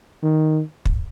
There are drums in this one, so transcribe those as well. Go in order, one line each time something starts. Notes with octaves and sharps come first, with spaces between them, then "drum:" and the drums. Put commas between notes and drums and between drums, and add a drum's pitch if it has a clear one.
D#3
drum: kick